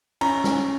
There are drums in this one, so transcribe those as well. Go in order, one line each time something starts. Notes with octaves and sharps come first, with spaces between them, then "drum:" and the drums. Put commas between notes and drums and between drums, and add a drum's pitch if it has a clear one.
C#4 A#5, drum: cymbal
C#4, drum: snare